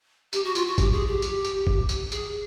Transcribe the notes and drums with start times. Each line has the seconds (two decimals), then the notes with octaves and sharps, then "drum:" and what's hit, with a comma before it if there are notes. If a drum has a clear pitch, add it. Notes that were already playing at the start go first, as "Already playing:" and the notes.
0.33 G4, drum: tambourine
0.44 F#4
0.55 F4, drum: tambourine
0.67 F#4
0.78 G4, drum: kick, tambourine
0.92 G#4
1.07 G4
1.22 drum: tambourine
1.44 drum: tambourine
1.67 drum: kick
1.89 drum: tambourine
2.12 G#4, drum: tambourine